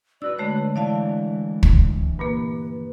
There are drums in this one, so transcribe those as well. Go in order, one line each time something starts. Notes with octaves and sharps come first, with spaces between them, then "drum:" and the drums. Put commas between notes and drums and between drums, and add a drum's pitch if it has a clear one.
D4 F#4 B4 D5 E6
D3 G#3 A3 C#5
E3 D4 E4 D5 F5 A5
drum: kick
G2 A#2 A#3 B4